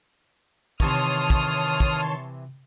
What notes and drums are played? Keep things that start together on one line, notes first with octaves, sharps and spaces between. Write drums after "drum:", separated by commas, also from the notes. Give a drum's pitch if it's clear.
C3 D#3 E3 C#5 A5 C6 D#6 F6, drum: kick
drum: kick
drum: kick